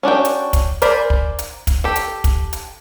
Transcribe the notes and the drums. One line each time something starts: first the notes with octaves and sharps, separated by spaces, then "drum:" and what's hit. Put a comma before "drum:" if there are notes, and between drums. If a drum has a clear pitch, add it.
C#4 D4 F#4 G5
drum: hi-hat
drum: kick, hi-hat
A#4 C5 D5 G#5 B5, drum: hi-hat
drum: kick
drum: hi-hat
drum: kick, hi-hat
G4 A4
drum: hi-hat
drum: kick, hi-hat
drum: hi-hat